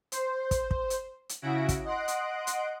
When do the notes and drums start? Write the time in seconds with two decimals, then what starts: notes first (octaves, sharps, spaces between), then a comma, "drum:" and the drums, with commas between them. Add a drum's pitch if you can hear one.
0.12 C5, drum: hi-hat
0.51 drum: kick, hi-hat
0.71 drum: kick
0.90 drum: hi-hat
1.29 drum: hi-hat
1.42 C#3 E4 F#4 A#6 D7
1.69 drum: kick, hi-hat
1.85 D#5 F#5 C6 F#6 D7
2.08 drum: hi-hat
2.47 drum: hi-hat